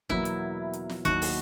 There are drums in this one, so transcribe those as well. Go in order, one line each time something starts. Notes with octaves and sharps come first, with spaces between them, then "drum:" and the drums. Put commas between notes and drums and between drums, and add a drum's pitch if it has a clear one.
E2 B2 F#3 A#3 E4, drum: kick G1
drum: hi-hat
drum: hi-hat
drum: snare
D#2 D#3 F#3 F#4, drum: kick G1, hi-hat
drum: open hi-hat